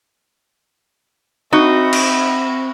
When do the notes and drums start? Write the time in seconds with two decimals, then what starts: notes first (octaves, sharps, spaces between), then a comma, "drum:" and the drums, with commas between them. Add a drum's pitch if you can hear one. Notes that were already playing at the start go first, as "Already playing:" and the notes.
1.53 C4 D#4 F#4 E5 B5
1.93 drum: cymbal